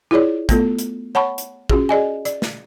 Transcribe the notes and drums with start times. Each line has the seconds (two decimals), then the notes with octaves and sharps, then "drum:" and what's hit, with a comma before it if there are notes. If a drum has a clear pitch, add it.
0.11 E4 F4 G#4 C#5 D5
0.49 A3 B3 F4 A4, drum: kick, hi-hat
0.79 drum: hi-hat
1.15 C#5 F#5 A5 B5 C#6
1.38 drum: hi-hat
1.70 C#4 F4 F#4 G#4, drum: kick
1.89 G#4 D5 D#5 G#5
2.25 D5, drum: hi-hat
2.42 drum: snare